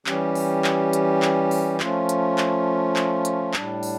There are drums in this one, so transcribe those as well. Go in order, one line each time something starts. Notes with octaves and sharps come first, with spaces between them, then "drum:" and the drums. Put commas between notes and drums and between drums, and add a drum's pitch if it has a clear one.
E3 G3 C#4 G4, drum: clap
drum: open hi-hat
drum: clap
drum: hi-hat
drum: clap
drum: open hi-hat
F3 A3 C#4 F4, drum: clap
drum: hi-hat
drum: clap
drum: clap
drum: hi-hat
A2 G3 D4, drum: clap
drum: open hi-hat